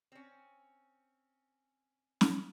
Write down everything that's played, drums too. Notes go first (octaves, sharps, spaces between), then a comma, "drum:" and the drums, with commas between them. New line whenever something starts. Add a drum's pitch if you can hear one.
C4 C#4
drum: snare